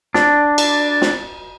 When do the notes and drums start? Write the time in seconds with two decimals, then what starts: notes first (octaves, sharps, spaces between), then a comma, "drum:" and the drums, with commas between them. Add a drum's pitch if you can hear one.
0.14 D4, drum: snare
0.58 drum: cymbal
1.02 drum: snare